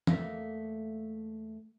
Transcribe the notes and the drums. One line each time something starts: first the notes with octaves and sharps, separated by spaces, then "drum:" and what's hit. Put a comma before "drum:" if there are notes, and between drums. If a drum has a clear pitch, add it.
E2 A3 A#3, drum: tom E3